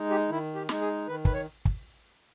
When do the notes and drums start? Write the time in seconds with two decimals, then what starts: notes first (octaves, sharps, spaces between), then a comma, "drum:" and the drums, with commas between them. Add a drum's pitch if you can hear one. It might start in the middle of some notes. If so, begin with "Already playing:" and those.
Already playing: G#3 D#4
0.10 G4
0.29 D#3 E4
0.55 G4
0.69 G#3 D#4, drum: snare
0.81 G#4
1.07 D#3 B4
1.25 B4, drum: kick
1.33 C#5
1.65 drum: kick